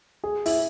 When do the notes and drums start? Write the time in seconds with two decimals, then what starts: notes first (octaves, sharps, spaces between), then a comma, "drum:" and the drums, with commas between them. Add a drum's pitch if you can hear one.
0.24 G#4
0.46 E4, drum: open hi-hat